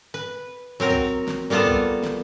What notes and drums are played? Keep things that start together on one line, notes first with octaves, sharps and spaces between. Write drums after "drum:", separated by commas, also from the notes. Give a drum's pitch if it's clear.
B4, drum: tambourine
F#3 C4 A#4
drum: kick, tambourine
drum: snare
G3 A#3 B3 F4 A4
drum: kick
drum: snare